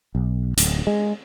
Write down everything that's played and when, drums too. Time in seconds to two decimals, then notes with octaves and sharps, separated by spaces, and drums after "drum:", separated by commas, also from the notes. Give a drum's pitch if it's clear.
0.15 B1
0.57 D1, drum: hi-hat
0.87 G#3